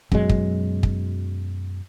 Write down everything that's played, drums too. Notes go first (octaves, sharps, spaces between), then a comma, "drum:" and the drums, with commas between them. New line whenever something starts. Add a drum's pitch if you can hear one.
F#2 B2 F#3 G#3, drum: kick
drum: kick
drum: kick